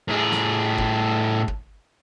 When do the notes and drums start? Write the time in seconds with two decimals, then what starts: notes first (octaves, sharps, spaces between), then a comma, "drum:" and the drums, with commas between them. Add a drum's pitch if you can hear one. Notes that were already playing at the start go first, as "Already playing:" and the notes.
0.08 A2 G#4
0.32 drum: snare
0.78 drum: kick
1.48 drum: kick